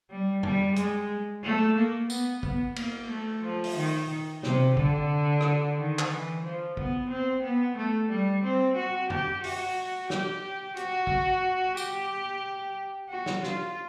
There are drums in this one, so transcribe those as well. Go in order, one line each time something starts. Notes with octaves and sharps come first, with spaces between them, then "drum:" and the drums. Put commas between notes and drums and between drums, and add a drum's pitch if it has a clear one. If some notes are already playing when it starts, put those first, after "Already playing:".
G3
G3, drum: tom F#2
G#3, drum: hi-hat
A3
A#3
B3, drum: tambourine
B3, drum: kick
A#3, drum: cymbal
A3
F3
drum: open hi-hat
D#3
C3, drum: snare
D3, drum: kick
drum: rim click
D#3
drum: clap
E3
F3
B3, drum: kick
C4
B3
A3
G3
C4
F#4
G4, drum: tom F#2
F#4, drum: open hi-hat
G4, drum: snare
F#4, drum: hi-hat
drum: kick
G4, drum: tambourine
F#4
drum: snare
F4, drum: snare